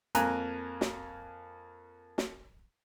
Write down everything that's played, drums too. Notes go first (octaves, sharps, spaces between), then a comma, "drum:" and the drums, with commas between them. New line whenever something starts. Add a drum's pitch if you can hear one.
F2 A#3 G#5 A#5 F#6, drum: hi-hat
drum: snare
drum: snare